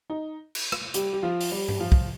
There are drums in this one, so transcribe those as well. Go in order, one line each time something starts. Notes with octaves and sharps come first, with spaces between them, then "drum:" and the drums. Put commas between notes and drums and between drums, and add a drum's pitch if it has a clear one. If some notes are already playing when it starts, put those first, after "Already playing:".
D#4
drum: cymbal
drum: rim click
G3 G4, drum: hi-hat
G4
F3 F4
drum: open hi-hat
G3 G4
drum: tom G2
F3 F4
drum: kick